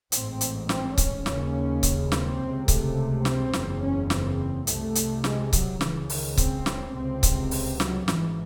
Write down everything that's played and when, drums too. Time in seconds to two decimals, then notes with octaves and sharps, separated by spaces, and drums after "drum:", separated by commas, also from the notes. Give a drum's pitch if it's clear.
0.12 A1 G#2 C4, drum: hi-hat
0.41 drum: hi-hat
0.69 C4, drum: snare
0.98 C#4, drum: kick C#1, hi-hat
1.26 D#2 C#3, drum: snare
1.83 drum: kick C#1, hi-hat
2.12 C4, drum: snare
2.39 C#2 C3
2.68 A3, drum: kick C#1, hi-hat
3.25 C4, drum: snare
3.53 F#1 E2 C#3, drum: snare
3.82 C#4
4.10 C4, drum: snare
4.67 C2 C3 A3, drum: hi-hat
4.95 drum: hi-hat
5.24 G#3, drum: snare
5.53 F#3, drum: kick C#1, hi-hat
5.81 C#2 C#3 E3, drum: snare
6.10 D#3, drum: open hi-hat
6.37 C4, drum: kick C#1, hi-hat
6.66 drum: snare
6.95 C#2 C3 C4
7.23 drum: kick C#1, hi-hat
7.51 drum: open hi-hat
7.80 F#3, drum: snare
8.08 G#1 G#2 E3, drum: snare